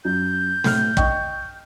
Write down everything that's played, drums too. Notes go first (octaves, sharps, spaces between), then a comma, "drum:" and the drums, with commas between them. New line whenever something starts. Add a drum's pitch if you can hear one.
F#2 G6
A2 F6, drum: snare
D#5 G5 C#6, drum: kick